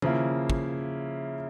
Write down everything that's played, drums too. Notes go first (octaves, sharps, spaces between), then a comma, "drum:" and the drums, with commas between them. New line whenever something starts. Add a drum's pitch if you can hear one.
C#3 F3 A#3 E4, drum: tom D#3
drum: kick